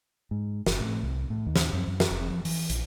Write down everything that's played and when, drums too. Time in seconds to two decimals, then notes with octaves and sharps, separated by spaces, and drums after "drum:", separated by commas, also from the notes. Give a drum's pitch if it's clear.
0.31 G#2
0.66 F#1, drum: snare
0.80 A2
1.03 C2
1.30 A2
1.47 D#2
1.56 drum: snare
1.73 F#2
1.88 F#2
2.00 drum: snare
2.11 F1
2.30 F3
2.45 E3, drum: open hi-hat
2.70 A#1, drum: hi-hat